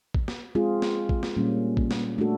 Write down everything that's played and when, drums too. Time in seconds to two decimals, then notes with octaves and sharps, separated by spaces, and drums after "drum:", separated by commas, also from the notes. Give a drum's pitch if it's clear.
0.15 drum: kick
0.28 drum: snare
0.55 G#3 C4 F4 G#4
0.82 drum: snare
1.09 drum: kick
1.23 drum: snare
1.37 A#2 G3 A#3 C#4
1.77 drum: kick
1.91 drum: snare
2.18 A3 D4 F#4 A4